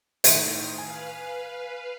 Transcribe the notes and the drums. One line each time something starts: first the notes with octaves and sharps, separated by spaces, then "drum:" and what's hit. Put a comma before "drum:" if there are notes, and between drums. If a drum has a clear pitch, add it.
A2 D#3 C6, drum: hi-hat
B4 F5 G#5